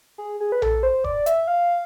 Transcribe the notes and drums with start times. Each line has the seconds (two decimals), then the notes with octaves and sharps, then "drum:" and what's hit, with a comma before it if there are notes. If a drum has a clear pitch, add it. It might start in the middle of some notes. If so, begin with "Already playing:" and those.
0.18 G#4
0.40 G#4
0.52 B4
0.62 A4, drum: tom A#1
0.83 C5
1.04 D5, drum: kick E1
1.26 E5, drum: hi-hat
1.47 F5